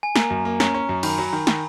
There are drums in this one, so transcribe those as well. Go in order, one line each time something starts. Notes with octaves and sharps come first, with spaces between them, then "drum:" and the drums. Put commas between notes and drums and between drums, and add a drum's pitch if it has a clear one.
G#5
A#3 A#5, drum: snare
F#2
A#3
C#4 A#5, drum: snare
C#4
F#2
D#3 B5, drum: cymbal
F#3
D#3
D#3, drum: snare